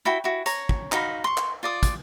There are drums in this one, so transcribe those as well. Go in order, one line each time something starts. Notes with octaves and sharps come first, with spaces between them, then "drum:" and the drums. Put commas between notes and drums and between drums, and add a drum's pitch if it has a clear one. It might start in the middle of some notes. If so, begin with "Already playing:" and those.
E4 F#4 G5 B5
E4 F#4
C#5 A#5, drum: hi-hat
drum: kick
D#4 F#4 F5 B5, drum: clap
C6 C#6
drum: clap
F4 D5 D#6
drum: kick, hi-hat